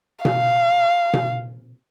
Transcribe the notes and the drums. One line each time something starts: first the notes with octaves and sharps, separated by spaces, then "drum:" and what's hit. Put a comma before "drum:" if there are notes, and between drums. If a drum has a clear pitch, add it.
F5, drum: tom B2
drum: tom B2